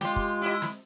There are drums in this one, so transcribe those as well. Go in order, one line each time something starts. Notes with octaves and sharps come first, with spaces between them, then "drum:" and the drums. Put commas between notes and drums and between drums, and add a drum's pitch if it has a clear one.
G#3 F4 G4, drum: snare
drum: kick
E4 D#5
drum: snare